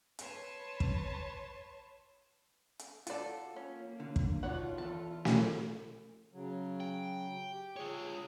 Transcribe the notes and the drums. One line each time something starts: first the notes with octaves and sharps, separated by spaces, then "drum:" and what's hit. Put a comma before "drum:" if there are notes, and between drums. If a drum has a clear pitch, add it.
B4 C#5 A5 C6, drum: hi-hat
drum: kick
drum: hi-hat
F4 F#4 A4 D5, drum: hi-hat
A#3 C#4
D3
drum: kick
B2 D#3 D4 F4 C#5 F#5
E2 A4 A5
drum: snare
C#3 F#3
G5
G4
F4 G#4 C#5